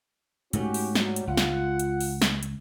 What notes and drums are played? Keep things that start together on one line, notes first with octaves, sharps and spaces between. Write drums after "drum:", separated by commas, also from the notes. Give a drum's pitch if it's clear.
G#2 A3 C#4 F#4 G4, drum: hi-hat
drum: open hi-hat
F#3 G3, drum: snare
drum: hi-hat
C#2 F4 F#5
drum: snare
drum: hi-hat
drum: open hi-hat
drum: snare
drum: hi-hat